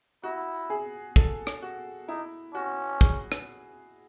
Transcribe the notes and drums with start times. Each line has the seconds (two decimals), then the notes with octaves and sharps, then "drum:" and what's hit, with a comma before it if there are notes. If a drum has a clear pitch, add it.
0.24 E4 F#4
0.70 G#4
1.16 A4, drum: kick
1.47 drum: rim click
1.62 F#4
2.08 D#4 E4
2.54 C#4 F#4
3.01 G#4, drum: kick
3.32 drum: rim click